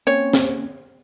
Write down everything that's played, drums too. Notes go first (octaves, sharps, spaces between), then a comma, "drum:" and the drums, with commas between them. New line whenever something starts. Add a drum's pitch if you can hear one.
A#3 C4 C#4 C#5
drum: snare